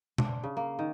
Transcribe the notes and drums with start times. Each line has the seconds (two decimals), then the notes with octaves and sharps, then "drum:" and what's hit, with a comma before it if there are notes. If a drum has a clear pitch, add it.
0.18 D4, drum: tom B2
0.44 C#3
0.57 A#3
0.79 D#3